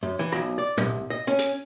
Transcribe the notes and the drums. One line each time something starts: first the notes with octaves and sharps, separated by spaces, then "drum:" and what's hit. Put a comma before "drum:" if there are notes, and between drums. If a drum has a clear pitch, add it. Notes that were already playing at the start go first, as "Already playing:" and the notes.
F#2
E3
B1, drum: rim click
D5
C2, drum: tom A#2
D#5
C#4
drum: hi-hat